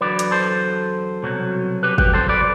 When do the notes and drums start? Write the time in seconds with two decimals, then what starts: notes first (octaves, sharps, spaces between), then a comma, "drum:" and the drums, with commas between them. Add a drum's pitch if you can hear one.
0.01 E2 D3 F#3 B4 D5
0.19 drum: hi-hat
0.31 A4 C5
1.23 C2 B2 F#3
1.83 G4 B4
1.98 G4 B4, drum: kick
2.13 A4 C5
2.29 B4 D5